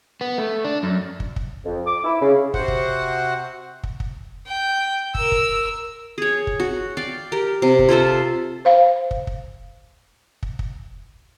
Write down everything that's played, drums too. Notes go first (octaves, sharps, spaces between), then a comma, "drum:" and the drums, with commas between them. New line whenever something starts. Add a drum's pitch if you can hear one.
B3
A3
D4
F#2
drum: kick
drum: kick
F2
D6
E4
C#3
C3 F#4 C5 F#5, drum: kick
drum: kick
drum: kick
drum: kick
G5
A#4 E6, drum: kick
drum: kick
G#4 C#5
drum: kick
F#4
D5 F5 G5
G4 A#4
C3
drum: kick
F4 A4 C5 E5
C5 F5
drum: kick
drum: kick
drum: kick
drum: kick